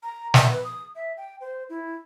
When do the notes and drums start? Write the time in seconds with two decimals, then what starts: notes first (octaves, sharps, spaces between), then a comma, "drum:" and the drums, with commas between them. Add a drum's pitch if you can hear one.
0.03 A#5
0.34 E5, drum: snare
0.50 B4
0.64 D#6
0.96 E5
1.17 G5
1.41 C5
1.69 E4